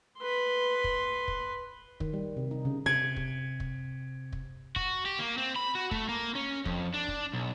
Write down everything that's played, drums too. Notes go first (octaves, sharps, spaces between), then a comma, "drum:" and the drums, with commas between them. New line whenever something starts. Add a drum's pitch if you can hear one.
B4 C6
drum: kick
drum: kick
D#3, drum: kick
G3
C3
D#4
C#3
C3 G#6
drum: kick
drum: kick
drum: kick
F#4, drum: kick
G4
A#3
C4
B5
F#4
A3, drum: kick
A#3
C#4
F2, drum: kick
D4
drum: kick
B1